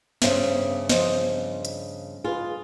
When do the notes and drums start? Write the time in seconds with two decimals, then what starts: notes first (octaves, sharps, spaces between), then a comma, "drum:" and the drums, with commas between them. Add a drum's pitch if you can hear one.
0.22 G2 C#3 B3 C5 E5, drum: snare
0.89 F3 C5 D#5, drum: snare
1.65 drum: hi-hat
2.24 F4 G#4 B4